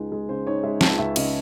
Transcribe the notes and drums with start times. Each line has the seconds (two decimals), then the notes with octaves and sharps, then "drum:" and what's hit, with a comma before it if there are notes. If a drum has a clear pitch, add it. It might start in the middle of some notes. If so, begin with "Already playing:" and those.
Already playing: C#2 G#3 D#4
0.12 G#3
0.29 C#3 C5
0.47 D#4 C#5
0.63 G#3 E5
0.81 C#2 A5, drum: snare
0.99 C#2 E5
1.16 C#3 D#5, drum: cymbal